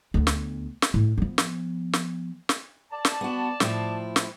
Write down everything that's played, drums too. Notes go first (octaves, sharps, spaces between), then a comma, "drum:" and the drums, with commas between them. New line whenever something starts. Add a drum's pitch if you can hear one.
D2 B3
drum: snare
drum: snare
A2
F3 B3
drum: snare
drum: snare
drum: snare
D5 A5
drum: snare
B3 F#4
A2 F3 E4, drum: snare
drum: snare